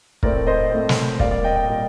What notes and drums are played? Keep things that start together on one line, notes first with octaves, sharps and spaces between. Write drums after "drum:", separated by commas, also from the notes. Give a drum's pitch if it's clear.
A2 A3 C4 A#4 D5, drum: kick
C5 D#5
A2 A3 C4
drum: snare
A#2 G3 A#3 D5 F5, drum: kick
D5 F5
D#5 G5
D#5 G5
A#2 G3 A#3